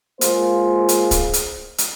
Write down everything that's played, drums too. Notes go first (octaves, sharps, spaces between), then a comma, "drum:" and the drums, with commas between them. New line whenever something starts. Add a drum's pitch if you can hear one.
G#3 A#3 F4 G#4 C5, drum: hi-hat
drum: hi-hat
drum: kick, hi-hat
drum: hi-hat
drum: hi-hat